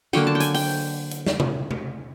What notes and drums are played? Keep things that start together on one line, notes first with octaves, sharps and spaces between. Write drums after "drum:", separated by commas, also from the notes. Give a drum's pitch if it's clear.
D3 F#3 A#3 G5, drum: tambourine
A5
G5
G#5, drum: hi-hat
G5, drum: open hi-hat
drum: hi-hat
drum: snare
drum: tom C3
drum: tom C3